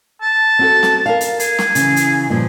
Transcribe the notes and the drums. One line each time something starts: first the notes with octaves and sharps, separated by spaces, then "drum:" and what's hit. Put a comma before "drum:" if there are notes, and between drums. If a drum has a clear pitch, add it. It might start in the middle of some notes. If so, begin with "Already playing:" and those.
A5
C4 F#4 A4
drum: snare
A#4 F5
drum: hi-hat
G#4, drum: hi-hat
drum: snare
C#3 E3, drum: hi-hat
drum: hi-hat
G2 A#2 F3